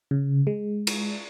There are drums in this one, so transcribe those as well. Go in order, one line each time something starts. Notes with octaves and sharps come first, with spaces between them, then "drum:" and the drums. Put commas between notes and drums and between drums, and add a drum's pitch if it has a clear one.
C#3
G#3
drum: cymbal